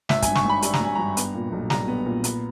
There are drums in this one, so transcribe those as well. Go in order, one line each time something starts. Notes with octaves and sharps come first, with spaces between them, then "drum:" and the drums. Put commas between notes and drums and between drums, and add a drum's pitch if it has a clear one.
G#1 E5, drum: snare
G2 G#5, drum: kick, hi-hat
C#6, drum: snare
G#1 B5
G3 B5, drum: hi-hat
A#5, drum: snare
G#1 G#5
G2 A#5
B3, drum: hi-hat
A#2
B1
G3 A#5, drum: snare
B3
A#2
B3, drum: hi-hat